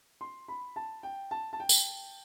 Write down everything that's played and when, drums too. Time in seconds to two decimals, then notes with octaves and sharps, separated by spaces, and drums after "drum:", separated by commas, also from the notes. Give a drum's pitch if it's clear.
0.21 C6
0.48 B5
0.76 A5
1.03 G5
1.31 A5
1.53 A5
1.60 G5
1.69 drum: tambourine